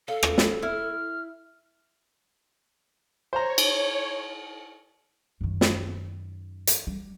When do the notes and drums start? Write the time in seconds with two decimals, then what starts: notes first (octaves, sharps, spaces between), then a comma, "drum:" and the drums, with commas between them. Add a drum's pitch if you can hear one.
0.08 A4 F5
0.23 drum: rim click
0.38 drum: snare
0.62 E4 F6
3.33 C5 C#5 A#5
3.58 drum: cymbal
5.41 F#2 D#3
5.61 drum: snare
6.67 drum: hi-hat
6.87 G3